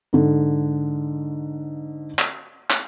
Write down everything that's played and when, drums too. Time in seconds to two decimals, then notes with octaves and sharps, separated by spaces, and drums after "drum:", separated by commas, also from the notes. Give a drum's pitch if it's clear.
0.13 G#2 D3
2.19 drum: clap
2.70 drum: clap